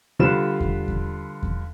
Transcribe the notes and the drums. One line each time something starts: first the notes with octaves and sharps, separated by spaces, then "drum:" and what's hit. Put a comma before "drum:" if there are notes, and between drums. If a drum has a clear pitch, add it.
D3 G3 F4 B4 E7
drum: kick E2
drum: kick E2
drum: kick E2